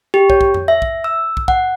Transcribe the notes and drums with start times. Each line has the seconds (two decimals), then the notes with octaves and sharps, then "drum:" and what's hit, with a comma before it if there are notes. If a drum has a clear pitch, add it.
0.14 G4
0.30 C#5, drum: kick
0.41 drum: kick
0.54 drum: tom F2
0.68 E5
0.82 drum: kick
1.04 E6
1.37 drum: kick
1.48 F#5, drum: kick